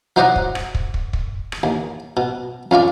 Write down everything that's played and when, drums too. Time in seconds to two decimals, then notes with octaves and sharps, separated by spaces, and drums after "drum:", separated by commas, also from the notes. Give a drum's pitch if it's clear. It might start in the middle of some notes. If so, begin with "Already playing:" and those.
0.16 F#3 D#4 C5 D5 D#5 F#5
0.36 drum: kick
0.55 drum: rim click
0.75 drum: kick
0.94 drum: kick
1.13 drum: kick
1.52 drum: rim click
1.63 D#2
2.17 B2
2.71 F2 C#4 F4 D5